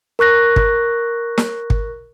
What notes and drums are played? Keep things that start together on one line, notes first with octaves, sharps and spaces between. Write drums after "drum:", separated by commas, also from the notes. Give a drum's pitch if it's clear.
A#4 C#6 F#6 A#6
drum: kick
drum: snare
drum: kick